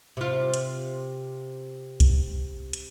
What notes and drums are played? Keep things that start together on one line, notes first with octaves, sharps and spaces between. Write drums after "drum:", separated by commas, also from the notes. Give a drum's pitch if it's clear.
C3 F4
drum: hi-hat
drum: kick C2, hi-hat
drum: hi-hat